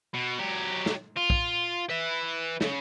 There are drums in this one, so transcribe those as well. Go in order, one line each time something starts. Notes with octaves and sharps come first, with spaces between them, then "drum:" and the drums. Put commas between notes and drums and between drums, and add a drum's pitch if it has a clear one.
B2
F#3 G4
drum: snare
F4
drum: kick
B4 E5
C#3, drum: snare